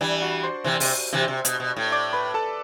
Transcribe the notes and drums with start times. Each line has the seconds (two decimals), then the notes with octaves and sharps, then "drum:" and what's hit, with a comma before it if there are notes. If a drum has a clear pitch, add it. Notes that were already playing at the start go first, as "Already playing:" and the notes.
0.01 E3 G3 D4 D5
0.22 F#4 F#5
0.43 C5 C6
0.64 C3 E3
0.80 C3, drum: open hi-hat
1.13 C3 E3
1.28 C3
1.45 B2, drum: hi-hat
1.60 B2
1.77 A2
1.92 D5 D6
2.13 B4 B5
2.34 A4 A5